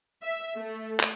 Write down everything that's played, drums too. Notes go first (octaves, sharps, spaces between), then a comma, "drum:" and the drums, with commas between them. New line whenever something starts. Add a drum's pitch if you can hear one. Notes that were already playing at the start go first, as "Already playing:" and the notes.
E5
A3
drum: clap